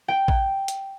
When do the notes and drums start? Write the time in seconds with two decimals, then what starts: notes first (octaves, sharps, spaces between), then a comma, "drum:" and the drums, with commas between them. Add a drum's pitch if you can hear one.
0.08 G5
0.28 drum: kick A1
0.68 drum: hi-hat